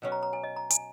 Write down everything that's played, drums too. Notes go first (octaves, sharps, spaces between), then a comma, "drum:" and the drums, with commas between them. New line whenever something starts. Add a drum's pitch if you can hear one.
B2 F#3 C#4
A#5
A#5
G#5
D#5
A#5
G#5, drum: hi-hat